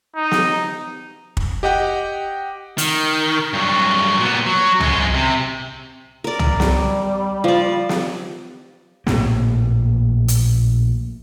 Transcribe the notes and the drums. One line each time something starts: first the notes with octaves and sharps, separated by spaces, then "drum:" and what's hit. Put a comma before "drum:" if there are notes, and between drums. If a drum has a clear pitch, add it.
D#4
drum: snare
drum: kick
G4 D#5 F#5 G5
D#3, drum: hi-hat
G2 F#3
A#2 B3
F#3
F#2 G#3, drum: tom
C3
A#4 D5
drum: tom
G3, drum: snare
F3 D5
drum: snare
A#1 A2 A#3, drum: snare
drum: hi-hat